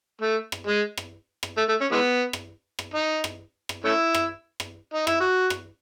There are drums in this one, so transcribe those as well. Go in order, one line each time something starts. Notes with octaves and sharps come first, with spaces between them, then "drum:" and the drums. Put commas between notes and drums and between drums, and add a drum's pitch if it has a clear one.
A3
drum: rim click
G#3
drum: rim click
drum: rim click
A3
A3
C#4
E3 G#3 B3
drum: rim click
drum: rim click
D#4
drum: rim click
drum: rim click
A3 C#4 E4
drum: rim click
drum: rim click
D#4
E4, drum: rim click
F#4
drum: rim click